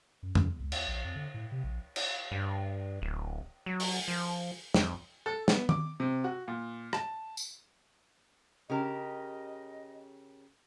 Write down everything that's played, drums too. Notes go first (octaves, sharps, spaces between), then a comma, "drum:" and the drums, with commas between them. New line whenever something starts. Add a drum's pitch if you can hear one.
F#2
C#3, drum: tom F2
E2
C#2
D#2, drum: cymbal
A#1
F2
D3
A2
C3
A#1
drum: cymbal
G2
D1
F#3
drum: open hi-hat
F3
F2, drum: snare
A4
B3, drum: snare
D6, drum: tom D#3
C3
F#4
A#2
A5, drum: rim click
drum: tambourine
C#3 G4 A#4 D#5